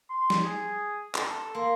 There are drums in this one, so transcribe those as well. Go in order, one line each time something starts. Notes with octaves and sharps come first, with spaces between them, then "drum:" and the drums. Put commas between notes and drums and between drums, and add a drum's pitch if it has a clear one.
C6
drum: snare
G#4
A4, drum: clap
A#3 C6